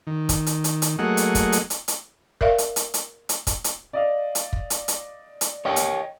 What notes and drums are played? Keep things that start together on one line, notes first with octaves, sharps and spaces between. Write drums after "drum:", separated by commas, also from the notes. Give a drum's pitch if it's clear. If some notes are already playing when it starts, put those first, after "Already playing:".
D#3
drum: kick, hi-hat
drum: hi-hat
drum: hi-hat
drum: hi-hat
F#3 A3 A#3 G#4 D#5 F#5
drum: hi-hat
drum: kick, hi-hat
drum: hi-hat
drum: hi-hat
drum: hi-hat
A#4 D5 E5 F5, drum: kick
drum: hi-hat
drum: hi-hat
drum: hi-hat
drum: hi-hat
drum: kick, hi-hat
drum: hi-hat
D5 D#5 F5
drum: hi-hat
drum: kick
drum: hi-hat
drum: hi-hat
drum: hi-hat
C#5 D#5 G5
drum: hi-hat